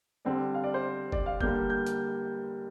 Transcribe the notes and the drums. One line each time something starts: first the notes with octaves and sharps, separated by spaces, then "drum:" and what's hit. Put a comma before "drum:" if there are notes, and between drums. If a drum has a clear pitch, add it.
D3 G3 C4 D5
F5
D5
C5
D5, drum: kick
F5
D3 G3 A#3 G6, drum: kick
G6
drum: hi-hat